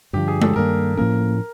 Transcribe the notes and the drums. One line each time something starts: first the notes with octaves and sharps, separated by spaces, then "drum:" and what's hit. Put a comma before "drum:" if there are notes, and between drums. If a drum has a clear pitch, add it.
G2 D3 F3 G4
G#4
A4, drum: tom G#3
G2 D#3 G3 A#3 A#4
A2 F3 A#3 C#4 A#4